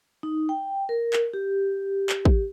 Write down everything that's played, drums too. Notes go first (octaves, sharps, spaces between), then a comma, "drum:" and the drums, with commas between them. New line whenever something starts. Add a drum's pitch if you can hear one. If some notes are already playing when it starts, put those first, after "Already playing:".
D#4
G5
A#4
drum: clap
G4
drum: clap
drum: kick